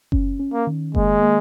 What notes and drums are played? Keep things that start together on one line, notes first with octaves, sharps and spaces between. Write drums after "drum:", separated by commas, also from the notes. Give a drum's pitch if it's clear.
C#4, drum: kick F#1
C#4
A#3
D#3
G#3 A#3, drum: kick F#1
A#3